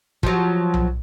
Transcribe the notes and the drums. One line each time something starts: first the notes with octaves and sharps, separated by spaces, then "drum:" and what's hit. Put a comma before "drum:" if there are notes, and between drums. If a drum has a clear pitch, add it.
F3 F#3, drum: kick
drum: tom B1